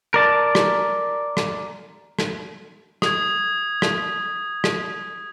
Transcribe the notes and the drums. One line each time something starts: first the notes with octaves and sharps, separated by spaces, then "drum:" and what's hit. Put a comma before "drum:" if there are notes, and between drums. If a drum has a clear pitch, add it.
A#4 D5 A5
drum: rim click
drum: rim click
drum: rim click
D#6 G#6, drum: rim click
drum: rim click
drum: rim click